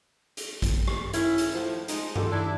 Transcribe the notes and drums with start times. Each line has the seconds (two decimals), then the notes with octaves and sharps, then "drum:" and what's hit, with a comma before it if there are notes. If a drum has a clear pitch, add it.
0.37 drum: hi-hat
0.62 drum: kick A1, hi-hat
0.88 drum: rim click
1.13 D#3 C#4 E4, drum: hi-hat
1.38 drum: hi-hat
1.54 A2 F3
1.88 F3 G#3 D#4, drum: hi-hat
2.16 F4 G4 A4, drum: tom G2
2.31 D4 E4